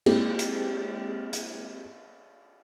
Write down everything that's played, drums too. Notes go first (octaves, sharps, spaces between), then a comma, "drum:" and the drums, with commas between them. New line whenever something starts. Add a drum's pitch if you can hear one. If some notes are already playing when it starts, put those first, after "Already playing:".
G#3 A#3 C4 E4 G4, drum: cymbal
drum: hi-hat
drum: hi-hat